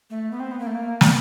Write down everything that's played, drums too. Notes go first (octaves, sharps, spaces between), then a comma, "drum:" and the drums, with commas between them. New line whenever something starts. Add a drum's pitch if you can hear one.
A3
B3
C4
B3
A#3
A3
A#3
B3, drum: snare